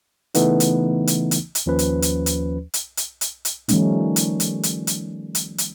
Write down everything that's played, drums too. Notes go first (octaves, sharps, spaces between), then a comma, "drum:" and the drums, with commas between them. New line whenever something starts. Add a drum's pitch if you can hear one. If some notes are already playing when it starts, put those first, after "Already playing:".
C#3 E3 A3 B3 D#4, drum: hi-hat
drum: hi-hat
drum: hi-hat
drum: hi-hat
drum: hi-hat
D#2 F3 C#4 B4
drum: hi-hat
drum: hi-hat
drum: hi-hat
drum: hi-hat
drum: hi-hat
drum: hi-hat
drum: hi-hat
D#3 F3 G3 A3 C#4 D#4, drum: hi-hat
drum: hi-hat
drum: hi-hat
drum: hi-hat
drum: hi-hat
drum: hi-hat
drum: hi-hat